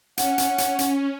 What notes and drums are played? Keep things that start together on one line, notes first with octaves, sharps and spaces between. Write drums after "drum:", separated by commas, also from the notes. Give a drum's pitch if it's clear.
C#4 F#5, drum: hi-hat
drum: hi-hat
drum: hi-hat
drum: hi-hat